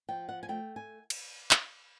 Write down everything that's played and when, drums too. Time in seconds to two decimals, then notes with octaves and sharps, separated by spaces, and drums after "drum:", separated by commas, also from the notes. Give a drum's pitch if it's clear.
0.09 F3 G5
0.29 F#5
0.43 G#5
0.49 A3 G5
0.76 G#5
1.10 drum: cymbal
1.51 drum: clap